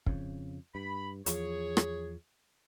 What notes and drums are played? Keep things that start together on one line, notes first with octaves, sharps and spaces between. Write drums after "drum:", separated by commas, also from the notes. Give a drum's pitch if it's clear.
F2 C#3, drum: kick
G2 B5
E2 F3 G#4 C#5, drum: hi-hat
drum: rim click